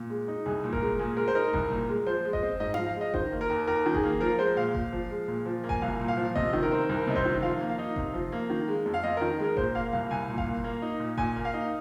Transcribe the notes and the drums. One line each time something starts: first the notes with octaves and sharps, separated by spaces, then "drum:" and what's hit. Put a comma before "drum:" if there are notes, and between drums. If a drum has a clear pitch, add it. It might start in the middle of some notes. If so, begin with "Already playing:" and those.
Already playing: A#2
G#3
D#4
C2 G#4
A#2
A#4, drum: kick F#1
G#3
A#2 G#4
G#3 A#4
C5
D#4 A#4
C2, drum: kick F#1
A#2
G#3
F3 C5
G#3
D#5, drum: kick F#1
C4
G#2 D#5
F3 F5, drum: tom D#4
F5
G#3
D#5
D#3 C5, drum: kick F#1
A#3
A#4
D#2
D#2 A#4
D#3
G#4, drum: kick F#1
A#3
F3 A#4
G#3 C5
A#2 F5
A#2, drum: kick F#1
F3
G#3
A#2
F3
A#3
G#5, drum: kick F#1
C2 F5
A#2
F5
F3
C3 D#5, drum: kick F#1
D#3
A#4
C4
C2 A#4
C3 D#5
C5, drum: kick F#1
D#3
F3 F5
A#3
F5
D#4
C3, drum: kick F#1
F3
A#3
D#3
G#3
F2
F5
F2 D#5
D#3 A#4
G#3 A#4
A#2 C5, drum: kick F#1
A#3 F5
C2 F5
C2 G#5
A#2
F5, drum: kick F#1
A#3
A#3
D#4
A#2
A#2 G#5, drum: kick F#1
A#3
F5
D#4